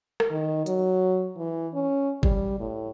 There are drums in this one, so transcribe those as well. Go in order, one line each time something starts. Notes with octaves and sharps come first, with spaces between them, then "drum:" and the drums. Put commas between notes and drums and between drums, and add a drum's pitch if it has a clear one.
drum: rim click
D#3
F#3, drum: hi-hat
E3
C#4
G3, drum: kick G1
A2